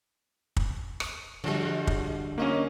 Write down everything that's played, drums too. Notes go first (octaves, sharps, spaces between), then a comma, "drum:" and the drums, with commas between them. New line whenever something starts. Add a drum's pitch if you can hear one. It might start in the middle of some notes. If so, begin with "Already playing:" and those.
drum: kick
drum: rim click
D3 E3 G3 G#3 F#4
drum: kick
A#3 C#4 F4 D#5